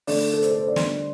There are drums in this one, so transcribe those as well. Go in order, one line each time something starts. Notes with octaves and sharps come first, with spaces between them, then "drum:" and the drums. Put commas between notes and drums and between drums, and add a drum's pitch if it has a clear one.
D3 A3 D4 D5, drum: open hi-hat
A4
C5, drum: hi-hat
A4
C5
D5
D3 G3 D4 C6, drum: snare